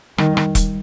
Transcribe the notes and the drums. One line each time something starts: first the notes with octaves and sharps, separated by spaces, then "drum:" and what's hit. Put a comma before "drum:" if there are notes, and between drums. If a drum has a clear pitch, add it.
D#3 G3, drum: rim click
drum: rim click
drum: kick E1, hi-hat